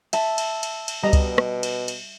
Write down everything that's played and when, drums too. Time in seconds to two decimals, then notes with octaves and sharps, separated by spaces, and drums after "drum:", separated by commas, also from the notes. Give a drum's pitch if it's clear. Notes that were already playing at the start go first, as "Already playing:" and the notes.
0.13 E5 A5, drum: cymbal
0.38 drum: cymbal
0.63 drum: cymbal
0.88 drum: cymbal
1.03 B2 G3 D#5 A#5
1.13 drum: kick C#2, cymbal
1.38 drum: rim click
1.63 drum: cymbal
1.88 drum: cymbal